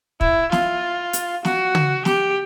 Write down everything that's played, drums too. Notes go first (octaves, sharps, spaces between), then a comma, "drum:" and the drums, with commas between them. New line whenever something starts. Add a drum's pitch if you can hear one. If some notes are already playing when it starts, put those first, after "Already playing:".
E4, drum: kick
F4, drum: snare
drum: hi-hat
F#4, drum: snare
drum: tom
G4, drum: snare